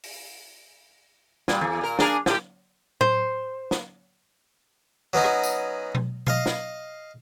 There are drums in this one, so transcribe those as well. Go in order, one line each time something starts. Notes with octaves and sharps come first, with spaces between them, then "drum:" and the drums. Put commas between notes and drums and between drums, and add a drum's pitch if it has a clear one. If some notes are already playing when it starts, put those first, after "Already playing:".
drum: open hi-hat
A#2 G3, drum: snare
E2
A#2 A#4
D4 G#4 A#4, drum: snare
A2 G4, drum: snare
C5, drum: tom A2
drum: snare
F#3 B3 C#4 D#4
drum: rim click
drum: tambourine
drum: tom B2
D#5 F5 C6, drum: tom B2
drum: snare